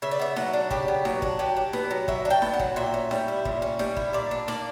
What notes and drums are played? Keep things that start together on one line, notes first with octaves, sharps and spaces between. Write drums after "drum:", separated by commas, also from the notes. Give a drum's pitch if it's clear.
C#3 E5
D5
B3 E5
F#3 F#5, drum: snare D#4
D4
C#3 G4, drum: kick
B3
F#3, drum: snare D#4
D4, drum: kick
F#3 G4
D4
B3, drum: snare D#4
F#3
F#3 E5, drum: kick
D4
G5
B3, drum: snare D#4
F#5
F#3, drum: kick
A#2 E5
C#4
G3, drum: snare D#4
E4
A#2, drum: kick
C#4
G3, drum: snare D#4
E4, drum: kick
A#2 D5
D4
A#3 D5, drum: snare D#4